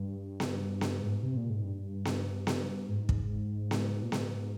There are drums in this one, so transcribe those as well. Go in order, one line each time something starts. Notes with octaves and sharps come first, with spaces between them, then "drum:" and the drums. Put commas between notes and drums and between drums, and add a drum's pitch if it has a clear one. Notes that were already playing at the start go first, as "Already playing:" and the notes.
Already playing: G2
drum: snare B3
drum: snare B3
G#2
C3
A#2
G#2
G2
drum: snare B3
drum: snare B3
G#2
drum: kick
drum: snare B3
A#2
G#2, drum: snare B3